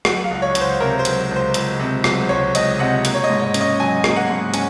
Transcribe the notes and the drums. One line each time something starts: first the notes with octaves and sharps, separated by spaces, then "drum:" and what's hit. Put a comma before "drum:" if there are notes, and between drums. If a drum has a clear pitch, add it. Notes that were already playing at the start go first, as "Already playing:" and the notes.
F#3 F#5, drum: rim click
F5
C#2
C#5
C#2, drum: hi-hat
C5
C3 A#4
C5
F#3, drum: hi-hat
C#2
C5
C#2, drum: hi-hat
C3
F#3, drum: rim click
C#2 C#5
C#2 D#5, drum: hi-hat
C3 F#5
A#3, drum: hi-hat
C#5
D#5
G#2
C#5
C#4, drum: hi-hat
D#5
F#3 G#5
A#3, drum: rim click
F#5
G#2
C#4 G#5, drum: hi-hat